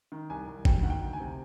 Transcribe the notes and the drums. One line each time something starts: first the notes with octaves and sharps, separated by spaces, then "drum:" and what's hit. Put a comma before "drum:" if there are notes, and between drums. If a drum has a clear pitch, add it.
D#3
C2 G#5
C2
D2 G5, drum: kick G#1
D#3 F#5
G5
D2
G#5
C3